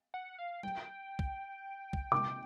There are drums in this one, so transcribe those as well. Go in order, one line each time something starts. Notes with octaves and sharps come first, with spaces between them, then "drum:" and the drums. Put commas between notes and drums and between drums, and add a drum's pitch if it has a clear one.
F#5
F5
G5, drum: tom F#3
drum: kick
drum: kick
D6, drum: tom C3